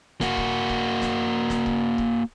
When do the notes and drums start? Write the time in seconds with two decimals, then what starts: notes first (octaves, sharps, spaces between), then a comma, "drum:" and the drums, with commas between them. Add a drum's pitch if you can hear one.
0.21 A#3 F#4, drum: snare
0.37 drum: kick C#1
0.69 drum: kick C#1
1.02 drum: snare
1.50 drum: snare
1.66 drum: kick C#1
1.98 drum: kick C#1